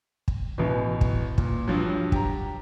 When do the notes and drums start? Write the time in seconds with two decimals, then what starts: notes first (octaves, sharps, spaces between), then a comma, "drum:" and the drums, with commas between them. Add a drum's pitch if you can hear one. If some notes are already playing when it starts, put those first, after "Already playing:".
0.28 drum: kick
0.58 A1 B2
1.01 drum: kick
1.38 A#2, drum: kick
1.68 G2 F3 F#3
2.12 G4 A#5, drum: kick